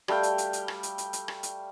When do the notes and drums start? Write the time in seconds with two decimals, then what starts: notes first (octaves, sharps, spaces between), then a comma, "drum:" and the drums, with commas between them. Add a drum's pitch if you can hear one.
0.08 G3 A3 F5 G5, drum: rim click
0.23 drum: hi-hat
0.38 drum: hi-hat
0.53 drum: hi-hat
0.68 drum: rim click
0.83 drum: hi-hat
0.98 drum: hi-hat
1.13 drum: hi-hat
1.28 drum: rim click
1.43 drum: hi-hat